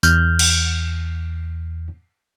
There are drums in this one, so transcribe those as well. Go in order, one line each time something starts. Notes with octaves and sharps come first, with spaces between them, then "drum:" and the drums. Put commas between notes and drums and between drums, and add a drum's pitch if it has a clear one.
E2 F6 G6, drum: tambourine
drum: cymbal